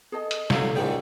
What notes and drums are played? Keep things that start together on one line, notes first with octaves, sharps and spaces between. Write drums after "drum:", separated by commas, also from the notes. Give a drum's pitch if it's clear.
G#4 A4 D#5
drum: hi-hat
F#3 E4 A4 F5, drum: snare
A#1 G#2 C#3 G4